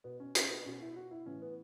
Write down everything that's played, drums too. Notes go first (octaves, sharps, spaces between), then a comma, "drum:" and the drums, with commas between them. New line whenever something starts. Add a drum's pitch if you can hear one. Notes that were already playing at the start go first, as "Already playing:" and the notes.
B2 B3
C#4
C#4, drum: hi-hat
B3
B2 C#4
E4
F#4
E4
A2 E3 C#4
B3